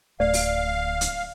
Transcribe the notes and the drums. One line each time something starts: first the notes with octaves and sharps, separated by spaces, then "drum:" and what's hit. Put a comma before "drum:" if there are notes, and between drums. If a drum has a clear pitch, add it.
D1 A3 D5 F5
drum: open hi-hat
drum: hi-hat